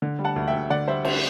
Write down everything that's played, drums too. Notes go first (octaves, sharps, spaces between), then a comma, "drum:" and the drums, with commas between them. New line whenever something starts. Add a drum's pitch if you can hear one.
D3
G3
F#5 A5
D2
E5 G5
D2
D3 D5 F#5
G3 C5 E5
C5 E5, drum: cymbal